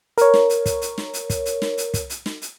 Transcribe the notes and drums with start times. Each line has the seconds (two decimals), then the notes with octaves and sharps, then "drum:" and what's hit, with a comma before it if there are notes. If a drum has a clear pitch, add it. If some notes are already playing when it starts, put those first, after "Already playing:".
0.18 A#4 C#5, drum: hi-hat
0.34 drum: snare
0.50 drum: hi-hat
0.66 drum: kick, hi-hat
0.82 drum: hi-hat
0.98 drum: snare
1.14 drum: hi-hat
1.30 drum: kick, hi-hat
1.46 drum: hi-hat
1.62 drum: snare
1.78 drum: hi-hat
1.94 drum: kick, hi-hat
2.10 drum: hi-hat
2.26 drum: snare
2.42 drum: hi-hat